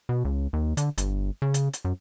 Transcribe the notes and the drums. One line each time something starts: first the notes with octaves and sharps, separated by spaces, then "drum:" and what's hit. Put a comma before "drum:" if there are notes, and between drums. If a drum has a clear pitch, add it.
B2
C#2
D#2
D3, drum: hi-hat
G1, drum: hi-hat
C#3
drum: hi-hat
drum: hi-hat
F#2